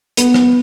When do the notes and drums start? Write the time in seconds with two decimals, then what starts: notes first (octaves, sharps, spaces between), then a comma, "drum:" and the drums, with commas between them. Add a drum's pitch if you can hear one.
0.17 B3, drum: hi-hat
0.34 drum: rim click